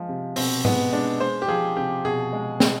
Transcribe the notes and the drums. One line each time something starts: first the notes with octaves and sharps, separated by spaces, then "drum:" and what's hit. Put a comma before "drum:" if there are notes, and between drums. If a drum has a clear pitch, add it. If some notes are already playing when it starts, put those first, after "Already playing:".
Already playing: F3 G#3
C3
B2 C4, drum: open hi-hat
G#3 B3, drum: tom G#2
G#3 D4
G#3 C5
G4
F3 G#4
C3 G4
B2 G#4
G#3
G#3, drum: snare